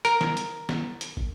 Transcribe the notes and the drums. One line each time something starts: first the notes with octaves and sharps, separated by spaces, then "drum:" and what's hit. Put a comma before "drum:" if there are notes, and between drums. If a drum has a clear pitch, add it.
A#4, drum: hi-hat
drum: snare
drum: hi-hat
drum: snare
drum: hi-hat
drum: kick